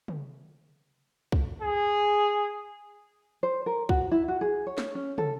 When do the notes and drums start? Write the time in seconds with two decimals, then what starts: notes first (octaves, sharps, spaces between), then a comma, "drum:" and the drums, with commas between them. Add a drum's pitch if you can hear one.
0.08 drum: tom
1.32 drum: kick C2
1.62 G#4
3.43 C5
3.66 A#4
3.89 F#4, drum: kick C2
4.11 E4
4.28 F#4
4.41 G#4
4.67 C#5
4.78 drum: snare
4.95 C#4
5.18 A4, drum: tom